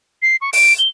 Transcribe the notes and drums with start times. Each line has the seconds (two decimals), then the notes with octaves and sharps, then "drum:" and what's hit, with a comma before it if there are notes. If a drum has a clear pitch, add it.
0.22 C7
0.41 C#6
0.53 D7, drum: open hi-hat
0.79 G7